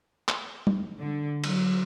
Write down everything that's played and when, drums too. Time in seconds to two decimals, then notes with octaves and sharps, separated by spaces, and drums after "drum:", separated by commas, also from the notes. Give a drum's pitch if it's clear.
0.28 drum: clap
0.67 drum: tom
1.00 D3
1.44 F#3, drum: cymbal